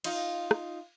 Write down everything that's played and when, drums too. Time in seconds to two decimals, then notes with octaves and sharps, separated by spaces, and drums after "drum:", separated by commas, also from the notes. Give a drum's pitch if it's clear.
0.04 D#4 F4, drum: cymbal
0.51 drum: rim click